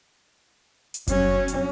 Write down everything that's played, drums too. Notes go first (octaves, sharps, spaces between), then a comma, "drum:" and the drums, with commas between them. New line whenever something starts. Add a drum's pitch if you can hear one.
drum: hi-hat
F#3 C#4, drum: kick F#1, hi-hat
drum: hi-hat